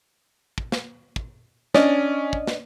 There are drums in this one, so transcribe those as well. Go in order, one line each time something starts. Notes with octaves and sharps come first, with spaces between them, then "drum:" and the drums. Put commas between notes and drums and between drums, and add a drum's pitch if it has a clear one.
drum: kick
drum: snare
drum: kick
C#4 D4 D5 D#5, drum: snare
drum: kick
drum: snare